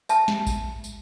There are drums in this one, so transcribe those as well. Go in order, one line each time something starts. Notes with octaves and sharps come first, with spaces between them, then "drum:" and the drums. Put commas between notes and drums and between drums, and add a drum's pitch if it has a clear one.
E5 A5, drum: tambourine
drum: snare
drum: kick A1, tambourine
drum: tambourine